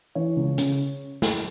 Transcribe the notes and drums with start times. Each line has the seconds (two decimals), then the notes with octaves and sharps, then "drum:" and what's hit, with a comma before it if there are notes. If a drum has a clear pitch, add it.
0.15 E3 C#5
0.36 C#2
0.58 C#3, drum: hi-hat
1.22 drum: snare